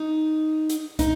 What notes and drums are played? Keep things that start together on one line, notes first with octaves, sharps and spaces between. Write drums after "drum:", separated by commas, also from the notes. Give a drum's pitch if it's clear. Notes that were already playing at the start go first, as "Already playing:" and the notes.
Already playing: D#4
drum: hi-hat
D#4, drum: kick, hi-hat